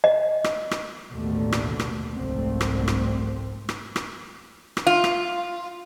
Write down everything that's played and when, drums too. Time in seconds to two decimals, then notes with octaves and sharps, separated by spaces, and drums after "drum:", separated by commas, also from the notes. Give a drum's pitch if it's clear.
0.04 D#5
0.44 drum: rim click
0.71 drum: rim click
1.11 A1 D#2 B2 D3 A3
1.52 drum: rim click
1.79 drum: rim click
2.13 F1 C2 G#2 A3 C4
2.61 drum: rim click
2.88 drum: rim click
3.69 drum: rim click
3.96 drum: rim click
4.77 drum: rim click
4.87 F4
5.04 drum: rim click